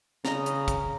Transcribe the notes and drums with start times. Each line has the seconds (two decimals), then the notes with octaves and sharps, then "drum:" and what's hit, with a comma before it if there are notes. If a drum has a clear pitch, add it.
0.25 C#3 D#5 A#5, drum: snare
0.46 drum: hi-hat
0.68 drum: kick, hi-hat